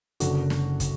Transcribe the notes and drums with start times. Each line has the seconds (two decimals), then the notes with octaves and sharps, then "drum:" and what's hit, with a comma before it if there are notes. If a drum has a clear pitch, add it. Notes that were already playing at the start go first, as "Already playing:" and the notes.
0.20 F#1 F#2 D3 F#4, drum: hi-hat
0.50 drum: snare
0.80 drum: kick, hi-hat